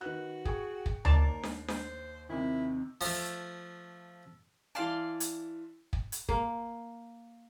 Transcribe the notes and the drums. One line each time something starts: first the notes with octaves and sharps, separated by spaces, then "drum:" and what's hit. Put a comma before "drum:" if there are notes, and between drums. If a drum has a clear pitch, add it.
D#3 F#4 B4 F#6
G#4 G5 C#6, drum: kick
drum: kick
D#2 A#4 D5 A5 C7 F7, drum: tom D2
drum: snare D4
C5, drum: snare D4
C3 D#3 E4
F3 A3, drum: open hi-hat
E3 D5 F5 A5 C6
drum: hi-hat
drum: kick
drum: hi-hat
A#3, drum: kick